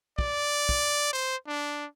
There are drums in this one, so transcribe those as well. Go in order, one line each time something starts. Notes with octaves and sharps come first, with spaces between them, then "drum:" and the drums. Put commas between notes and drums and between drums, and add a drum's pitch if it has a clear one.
D5, drum: kick
drum: kick
C5
D4